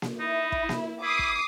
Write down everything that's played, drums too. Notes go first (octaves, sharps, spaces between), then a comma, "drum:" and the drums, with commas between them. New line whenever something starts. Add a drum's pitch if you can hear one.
drum: snare A#3
D#4 E4
drum: kick
drum: snare A#3
E4 D6 D#6 C7
drum: kick